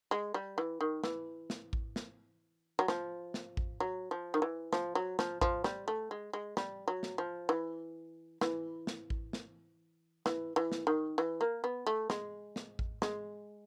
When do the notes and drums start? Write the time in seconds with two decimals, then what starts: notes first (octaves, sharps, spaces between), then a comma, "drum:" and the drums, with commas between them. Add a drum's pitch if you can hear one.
0.11 G#3
0.34 G3
0.58 E3
0.81 D#3
1.03 E3, drum: snare
1.50 drum: snare
1.73 drum: kick A1
1.96 drum: snare
2.79 F#3
2.88 F3, drum: snare
3.34 drum: snare
3.57 drum: kick A1
3.80 F#3
4.11 F3
4.34 D#3
4.42 E3
4.73 F3, drum: snare
4.95 F#3
5.19 F3, drum: snare
5.41 F3, drum: kick A1
5.64 G3, drum: snare
5.88 A3
6.11 G#3
6.33 G#3
6.57 G3, drum: snare
6.88 F#3
7.03 drum: snare
7.18 F3
7.49 E3
8.41 E3, drum: snare
8.87 drum: snare
9.10 drum: kick A1
9.33 drum: snare
10.26 E3, drum: snare
10.56 E3
10.72 drum: snare
10.87 D#3
11.18 E3
11.41 A#3
11.64 B3
11.87 A3
12.10 G#3, drum: snare
12.56 drum: snare
12.79 drum: kick A1
13.02 G#3, drum: snare